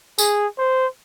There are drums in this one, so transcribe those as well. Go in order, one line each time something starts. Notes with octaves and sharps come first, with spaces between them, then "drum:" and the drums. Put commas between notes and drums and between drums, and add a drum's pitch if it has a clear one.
G#4, drum: tambourine
C5